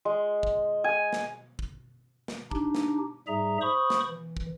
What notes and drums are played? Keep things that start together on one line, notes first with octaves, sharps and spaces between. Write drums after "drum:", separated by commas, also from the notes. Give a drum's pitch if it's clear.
G#3
drum: kick
G#5
drum: snare
drum: kick
drum: snare
D4 D#4 G4, drum: kick
drum: snare
G#2 G3 G#4 E5 A#5
C5 B5 C#6 D#6
drum: snare
E3
drum: kick